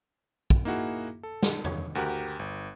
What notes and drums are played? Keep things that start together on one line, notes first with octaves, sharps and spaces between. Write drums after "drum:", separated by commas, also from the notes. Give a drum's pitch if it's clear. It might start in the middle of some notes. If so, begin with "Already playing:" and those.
drum: kick
A#3 D#4 E4 F#4 G#4
A4
drum: snare
C#5, drum: tom
D2 F#4 G4 A#4 F#6
G1